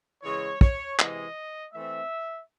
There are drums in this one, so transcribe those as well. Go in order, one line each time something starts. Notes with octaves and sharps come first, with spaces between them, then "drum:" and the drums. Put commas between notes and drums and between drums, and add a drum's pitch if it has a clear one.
C#3 E3 G#3 C#5
C#5, drum: kick
C3 E3 G#3 D#5, drum: clap
E3 A3 C4 E5